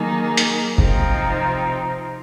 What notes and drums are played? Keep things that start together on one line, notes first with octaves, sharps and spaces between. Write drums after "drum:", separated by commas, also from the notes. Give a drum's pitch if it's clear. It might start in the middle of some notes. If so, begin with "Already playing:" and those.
Already playing: D#3 F#3 A#3 D#4 G#4
drum: hi-hat
C3 F3 C4 D#4, drum: kick